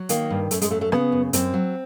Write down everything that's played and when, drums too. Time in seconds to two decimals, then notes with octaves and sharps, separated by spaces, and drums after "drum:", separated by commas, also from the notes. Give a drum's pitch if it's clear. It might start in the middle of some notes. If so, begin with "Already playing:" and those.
Already playing: F#3
0.09 D#3 A#3, drum: hi-hat
0.30 G2
0.51 F#2 A3, drum: hi-hat
0.61 G#3, drum: hi-hat
0.71 F#3 A3
0.81 A3
0.92 C#3 B3, drum: rim click
1.12 F#2
1.33 F#2 C4, drum: hi-hat
1.53 F#3